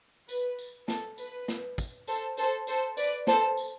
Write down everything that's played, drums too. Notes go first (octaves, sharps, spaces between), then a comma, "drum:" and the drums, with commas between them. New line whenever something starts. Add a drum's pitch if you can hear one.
B4, drum: tambourine
drum: tambourine
A4, drum: snare
B4, drum: tambourine
drum: snare
drum: kick, tambourine
A4 C5, drum: tambourine
A4 C5, drum: tambourine
A4 C5, drum: tambourine
B4 D5, drum: tambourine
A4 C5, drum: snare
drum: tambourine